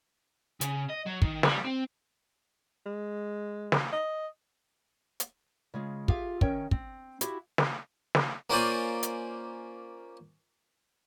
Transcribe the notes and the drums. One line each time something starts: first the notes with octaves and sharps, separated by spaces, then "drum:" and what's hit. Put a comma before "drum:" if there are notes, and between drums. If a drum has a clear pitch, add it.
C#3, drum: hi-hat
D#5
F#3
D#3, drum: kick
G3, drum: snare
C4
G#3
drum: snare
D#5
drum: hi-hat
C#3 G#3 F4
F4 G4 G#4 E5 F5, drum: kick
D#3 C#4 A#4 C#5 E5 G5, drum: kick
C4, drum: kick
E4 F#4 G4 E5 F5, drum: hi-hat
drum: snare
drum: snare
A#3 C#4 F4 C5 D5 G#5
drum: hi-hat